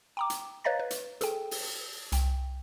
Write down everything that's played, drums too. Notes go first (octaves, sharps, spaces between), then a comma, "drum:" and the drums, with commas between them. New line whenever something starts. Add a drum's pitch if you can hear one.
G5 A#5 D6
drum: hi-hat
B4 C#5 D#5 F5 A#5 A6
B4
drum: hi-hat
G#4 A4 G5, drum: hi-hat
drum: open hi-hat
C2 G5, drum: hi-hat